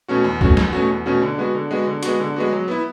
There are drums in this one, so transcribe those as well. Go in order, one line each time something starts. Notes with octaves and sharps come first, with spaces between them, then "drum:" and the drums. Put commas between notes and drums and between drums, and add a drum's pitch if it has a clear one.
B2 A3 C#4 F#4
E2
B2 A3 C#4 F#4, drum: kick
E2, drum: snare
B2 A3 C#4 F#4
E2
B2 A3 C#4 F#4
D3
G#3 B3 F#4
D3
G#3 B3 F#4
D3
G#3 B3 F#4, drum: hi-hat
D3
G#3 B3 F#4
F#3
B3 E4